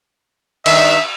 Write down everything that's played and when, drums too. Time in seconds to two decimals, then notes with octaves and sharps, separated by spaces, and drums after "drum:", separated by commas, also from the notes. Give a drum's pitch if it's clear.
0.66 G2 D#3 E5, drum: cymbal